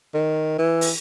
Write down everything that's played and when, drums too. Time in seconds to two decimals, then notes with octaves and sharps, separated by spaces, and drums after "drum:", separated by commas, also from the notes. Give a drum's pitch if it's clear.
0.14 D#3
0.59 E3
0.81 drum: open hi-hat